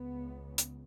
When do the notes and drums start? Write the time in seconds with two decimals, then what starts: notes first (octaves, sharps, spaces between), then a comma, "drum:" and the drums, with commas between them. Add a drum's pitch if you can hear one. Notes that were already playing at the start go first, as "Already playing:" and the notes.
Already playing: C#2 C#3 B3
0.58 drum: hi-hat